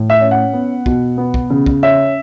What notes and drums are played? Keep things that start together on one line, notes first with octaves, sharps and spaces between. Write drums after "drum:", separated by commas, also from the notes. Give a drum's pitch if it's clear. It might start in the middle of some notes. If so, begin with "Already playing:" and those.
Already playing: A2
E5
C#4
F#5
B3
B2, drum: kick
B3
drum: kick
C#3
drum: kick
C#4 E5